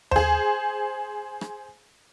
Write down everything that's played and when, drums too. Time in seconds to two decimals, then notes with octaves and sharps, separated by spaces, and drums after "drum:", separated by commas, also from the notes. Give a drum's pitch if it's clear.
0.11 G#4 C5, drum: tom D#2
1.41 drum: rim click